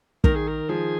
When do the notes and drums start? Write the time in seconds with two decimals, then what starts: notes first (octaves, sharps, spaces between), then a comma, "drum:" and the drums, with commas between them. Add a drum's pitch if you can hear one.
0.24 D#3 A#4, drum: kick
0.36 G#4
0.48 A#4
0.69 F3 G#4